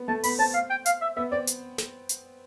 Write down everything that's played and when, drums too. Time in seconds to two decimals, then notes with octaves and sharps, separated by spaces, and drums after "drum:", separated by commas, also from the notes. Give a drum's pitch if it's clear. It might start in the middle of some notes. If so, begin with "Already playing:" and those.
Already playing: B3
0.08 A3 A5
0.24 B3 B5, drum: open hi-hat
0.39 C4 A5
0.54 F5
0.70 G5
0.86 F5, drum: hi-hat
1.01 E5
1.17 B3 E5
1.32 C4 D5
1.47 drum: hi-hat
1.78 drum: snare
2.09 drum: hi-hat